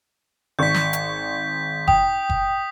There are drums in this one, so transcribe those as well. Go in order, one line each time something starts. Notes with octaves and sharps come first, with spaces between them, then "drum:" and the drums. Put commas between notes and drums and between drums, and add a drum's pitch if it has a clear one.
G#1 D5 C#6 G6 B6
drum: snare
drum: hi-hat
G5 D#6, drum: kick F#1
drum: kick F#1